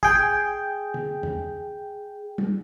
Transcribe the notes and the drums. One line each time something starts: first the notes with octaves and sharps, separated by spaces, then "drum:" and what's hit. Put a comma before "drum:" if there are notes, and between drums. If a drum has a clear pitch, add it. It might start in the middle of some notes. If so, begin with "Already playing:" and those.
G#4 G5, drum: kick
drum: tom
drum: tom
drum: tom